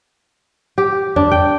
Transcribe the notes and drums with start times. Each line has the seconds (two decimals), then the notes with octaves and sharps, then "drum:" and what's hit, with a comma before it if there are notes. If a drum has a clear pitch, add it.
0.78 G4
1.16 D4, drum: tom E2
1.31 G5